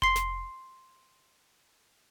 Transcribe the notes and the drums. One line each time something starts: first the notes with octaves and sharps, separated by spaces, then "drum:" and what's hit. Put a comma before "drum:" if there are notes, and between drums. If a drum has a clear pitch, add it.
C6 C7, drum: kick F1
drum: snare